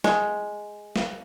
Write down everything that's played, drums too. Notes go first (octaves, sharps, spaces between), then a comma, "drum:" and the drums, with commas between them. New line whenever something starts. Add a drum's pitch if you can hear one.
G#3, drum: snare
drum: snare